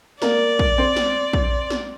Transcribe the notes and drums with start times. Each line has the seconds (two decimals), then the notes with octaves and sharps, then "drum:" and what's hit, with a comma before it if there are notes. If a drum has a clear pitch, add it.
0.22 A#3 D5, drum: snare
0.59 drum: kick
0.78 C4
0.96 drum: snare
1.33 drum: kick
1.70 drum: snare